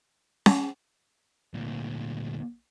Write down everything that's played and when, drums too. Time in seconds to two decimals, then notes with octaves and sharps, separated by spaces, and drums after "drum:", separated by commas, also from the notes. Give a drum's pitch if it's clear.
0.46 drum: snare C#4
1.54 D2 A#2